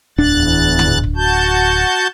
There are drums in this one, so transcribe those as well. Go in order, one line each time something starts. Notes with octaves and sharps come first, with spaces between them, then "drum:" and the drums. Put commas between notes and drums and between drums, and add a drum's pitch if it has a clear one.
D1 E2 D4 F#6 A6
drum: tom
drum: kick
F#4 A5 G6